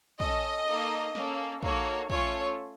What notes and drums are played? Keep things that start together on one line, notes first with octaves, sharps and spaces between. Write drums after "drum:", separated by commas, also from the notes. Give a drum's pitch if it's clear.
C#4 A4 D#5, drum: kick
A#3 D#4 A4
A#3 C#4 A4, drum: snare
A#3 D#4 F#4 A4 C#5, drum: kick
A3 C#4 F4 A4 C#5, drum: kick